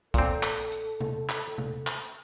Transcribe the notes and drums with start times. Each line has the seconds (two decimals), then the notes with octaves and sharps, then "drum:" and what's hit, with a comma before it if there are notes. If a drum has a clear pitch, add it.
0.14 A#2 C4 A4, drum: kick, hi-hat
0.43 drum: clap
0.72 drum: hi-hat
1.01 drum: tom C3
1.29 drum: clap
1.58 drum: tom C3
1.87 drum: clap